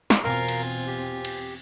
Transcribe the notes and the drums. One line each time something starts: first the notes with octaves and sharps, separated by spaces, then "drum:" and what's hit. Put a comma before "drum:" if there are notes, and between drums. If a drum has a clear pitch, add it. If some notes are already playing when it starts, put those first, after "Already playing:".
drum: snare
E2 B2 C4 F4 A#4 F5 G#5
drum: cymbal
G4
drum: cymbal